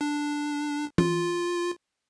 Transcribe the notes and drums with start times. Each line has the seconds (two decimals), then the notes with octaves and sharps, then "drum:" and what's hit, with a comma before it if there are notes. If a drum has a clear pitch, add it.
0.01 D4
0.98 F4, drum: tom E3